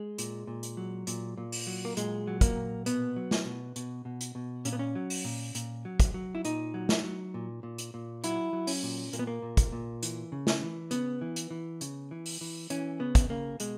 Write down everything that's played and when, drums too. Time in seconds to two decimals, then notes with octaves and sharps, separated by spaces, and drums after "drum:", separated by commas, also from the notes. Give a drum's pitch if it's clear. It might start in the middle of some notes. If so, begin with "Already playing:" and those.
Already playing: G#3
0.18 A#2, drum: hi-hat
0.47 A#2
0.63 drum: hi-hat
0.77 F#3
1.07 A#2, drum: hi-hat
1.38 A#2
1.52 drum: open hi-hat
1.67 F#3
1.85 A#3
1.97 A#2 G#3, drum: hi-hat
2.27 F#3
2.41 A#3, drum: kick, hi-hat
2.56 A#2
2.86 B2 B3, drum: hi-hat
3.16 F#3
3.31 drum: snare
3.46 B2
3.76 B2, drum: hi-hat
4.05 B2
4.21 drum: hi-hat
4.35 B2
4.65 A#2 C#4, drum: hi-hat
4.73 B3
4.79 C#4
4.95 F#3
5.10 drum: open hi-hat
5.25 A#2
5.55 A#2, drum: hi-hat
5.85 F#3
6.00 drum: kick, hi-hat
6.14 F#3
6.35 E4
6.45 A#2 D#4, drum: hi-hat
6.74 F#3
6.89 drum: snare
7.04 F#3
7.34 A#2
7.63 A#2
7.78 drum: hi-hat
7.94 A#2
8.24 F#3 E4, drum: hi-hat
8.53 F#3
8.67 C#4, drum: open hi-hat
8.83 A#2
9.13 A#2 A#3, drum: hi-hat
9.19 B3
9.27 A#3
9.42 A#2
9.57 drum: kick, hi-hat
9.72 A#2
10.03 E3, drum: hi-hat
10.32 C#3
10.47 drum: snare
10.62 E3
10.91 C#3 B3, drum: hi-hat
11.21 E3
11.36 drum: hi-hat
11.51 E3
11.81 C#3, drum: hi-hat
12.11 E3
12.26 drum: open hi-hat
12.41 E3
12.70 E3 C#4, drum: hi-hat
12.99 C#3 B3
13.15 drum: kick, hi-hat
13.30 C#3 A#3
13.60 B2 G#3, drum: hi-hat